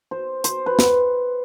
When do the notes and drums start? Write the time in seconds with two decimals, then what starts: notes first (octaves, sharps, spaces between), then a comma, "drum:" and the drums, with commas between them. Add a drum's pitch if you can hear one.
0.11 C5
0.44 C5, drum: hi-hat
0.66 B4
0.79 drum: snare